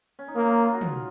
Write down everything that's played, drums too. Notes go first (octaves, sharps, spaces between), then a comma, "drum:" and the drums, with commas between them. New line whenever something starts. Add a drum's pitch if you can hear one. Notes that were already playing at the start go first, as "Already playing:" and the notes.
C#4
D#4
A#3 F4
D#4
F4
F#4
F4, drum: tom